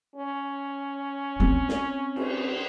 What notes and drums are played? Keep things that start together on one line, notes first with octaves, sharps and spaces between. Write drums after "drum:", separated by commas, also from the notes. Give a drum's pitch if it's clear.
C#4
C4
drum: snare
drum: cymbal